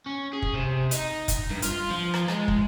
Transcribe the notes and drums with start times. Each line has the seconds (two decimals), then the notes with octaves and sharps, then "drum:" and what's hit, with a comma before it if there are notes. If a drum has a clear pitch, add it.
0.06 C#4
0.33 G#4
0.42 drum: kick
0.55 C3
0.91 D#4, drum: hi-hat
1.28 drum: kick, hi-hat
1.50 G2
1.62 F4, drum: hi-hat
1.90 F3
2.14 drum: rim click
2.28 G#3, drum: rim click
2.48 drum: kick